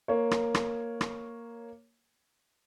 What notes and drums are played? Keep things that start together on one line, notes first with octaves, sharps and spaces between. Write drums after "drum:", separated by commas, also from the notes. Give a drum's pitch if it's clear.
A#3 C#5
drum: rim click
drum: rim click
drum: rim click